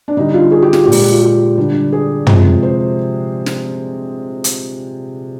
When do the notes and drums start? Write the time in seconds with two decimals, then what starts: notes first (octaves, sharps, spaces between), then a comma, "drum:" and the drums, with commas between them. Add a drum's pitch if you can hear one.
0.08 D4
0.17 D3 G3 D#4
0.34 F4
0.52 G#4
0.62 G4
0.73 F4, drum: snare
0.84 A#2 G4
0.92 G#3, drum: open hi-hat
1.12 F4
1.23 G4
1.57 D3 G3
1.93 G#4
2.27 C3 F3 G#3, drum: tom
2.63 C5
3.46 drum: snare
4.44 drum: hi-hat